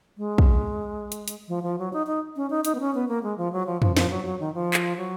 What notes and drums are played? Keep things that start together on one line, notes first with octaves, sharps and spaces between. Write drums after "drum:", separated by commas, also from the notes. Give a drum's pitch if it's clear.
G#3
drum: kick
drum: hi-hat
drum: hi-hat
F3
F3
F#3
D#4
D#4
C#4
D#4
D#4, drum: hi-hat
B3
C#4
B3
A#3
G#3
F3
F#3
F3
F3, drum: tom F2
F3, drum: snare
F#3
F#3
D#3
F3
drum: clap
F#3